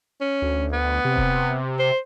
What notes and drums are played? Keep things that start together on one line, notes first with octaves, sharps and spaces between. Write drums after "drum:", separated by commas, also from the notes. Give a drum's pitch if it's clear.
C#4
D2
B3
C3
drum: kick D#1
C5